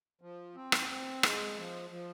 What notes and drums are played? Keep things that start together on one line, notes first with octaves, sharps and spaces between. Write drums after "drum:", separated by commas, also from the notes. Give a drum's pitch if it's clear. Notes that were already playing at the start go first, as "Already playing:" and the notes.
F3
C4
drum: rim click
C4
G#3, drum: rim click
F3
F3